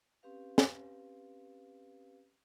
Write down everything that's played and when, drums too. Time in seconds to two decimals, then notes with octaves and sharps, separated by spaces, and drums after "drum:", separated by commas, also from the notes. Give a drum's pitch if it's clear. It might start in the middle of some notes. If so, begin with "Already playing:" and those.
0.23 C4 C#4 G4 B4 F5
0.58 drum: snare